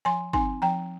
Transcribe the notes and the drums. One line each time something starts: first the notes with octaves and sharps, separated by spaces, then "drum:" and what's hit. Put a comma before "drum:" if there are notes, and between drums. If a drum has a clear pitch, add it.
F3 G#5 C6
C4 D#4 G#5 C6, drum: kick
F3 G5 A#5